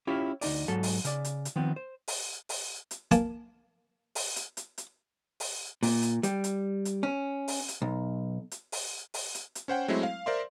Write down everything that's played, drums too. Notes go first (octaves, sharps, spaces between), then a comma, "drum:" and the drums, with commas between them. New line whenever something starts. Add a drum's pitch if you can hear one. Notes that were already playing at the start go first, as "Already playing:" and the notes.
C#4 E4 F4 G4 C#5
D2 D#4 D5, drum: open hi-hat
G#2 F#3 A4 A5
drum: open hi-hat
C#3 D5, drum: hi-hat
drum: hi-hat
drum: hi-hat
D#3 F3 B3 C4
C5
drum: open hi-hat
drum: open hi-hat
drum: hi-hat
A#3 G#5 A5, drum: hi-hat
drum: open hi-hat
drum: hi-hat
drum: hi-hat
drum: hi-hat
drum: open hi-hat
A#2, drum: open hi-hat
drum: hi-hat
G3, drum: hi-hat
drum: hi-hat
drum: hi-hat
C#4
drum: open hi-hat
drum: hi-hat
B1
drum: hi-hat
drum: open hi-hat
drum: open hi-hat
drum: hi-hat
drum: hi-hat
C#4 C5 F#5 G5
F#3 G#3 A3 C4 E4
F5
A#4 C5 D5 E5 C6